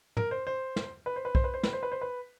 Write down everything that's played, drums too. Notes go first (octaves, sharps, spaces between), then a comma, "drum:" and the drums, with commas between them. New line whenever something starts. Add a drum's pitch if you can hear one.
A#4, drum: tom
C5
C5
drum: snare
B4
C5
B4
C5, drum: kick B1
B4
C5
B4, drum: snare
C5
B4
C5
B4